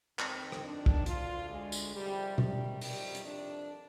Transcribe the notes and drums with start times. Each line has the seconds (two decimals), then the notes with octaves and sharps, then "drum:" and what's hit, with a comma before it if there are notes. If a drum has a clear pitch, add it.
0.19 F2 D#3 C4, drum: clap
0.52 drum: rim click
0.63 D4
0.86 drum: kick
1.06 D2 D3 F4, drum: hi-hat
1.51 G#3
1.72 drum: tambourine
1.93 F2 C3 D#3 G3
2.38 G3, drum: tom B2
2.81 F2 C3 D#3 G3, drum: open hi-hat
3.15 drum: hi-hat
3.25 D4